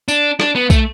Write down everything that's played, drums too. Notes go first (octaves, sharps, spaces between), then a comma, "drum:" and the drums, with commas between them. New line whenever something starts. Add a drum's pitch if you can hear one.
D4, drum: tambourine
D4, drum: rim click
B3
A3, drum: kick B1, tambourine